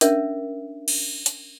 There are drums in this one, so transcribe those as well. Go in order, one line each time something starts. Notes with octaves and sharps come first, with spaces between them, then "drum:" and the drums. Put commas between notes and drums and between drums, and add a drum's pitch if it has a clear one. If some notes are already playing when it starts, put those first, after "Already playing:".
C#4 D4 A#4 E5, drum: hi-hat
drum: cymbal
drum: hi-hat